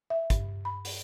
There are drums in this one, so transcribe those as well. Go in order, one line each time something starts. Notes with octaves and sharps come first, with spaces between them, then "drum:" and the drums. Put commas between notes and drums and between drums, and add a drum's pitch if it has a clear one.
E5
G2, drum: kick, hi-hat
B5
drum: open hi-hat